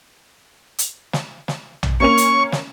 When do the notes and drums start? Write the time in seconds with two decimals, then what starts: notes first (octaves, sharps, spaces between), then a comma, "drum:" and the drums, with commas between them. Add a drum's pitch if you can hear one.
0.79 drum: hi-hat
1.13 drum: snare
1.48 drum: snare
1.83 drum: tom A#1
2.00 A#3 C#4 C#6 F7
2.18 drum: hi-hat
2.52 drum: snare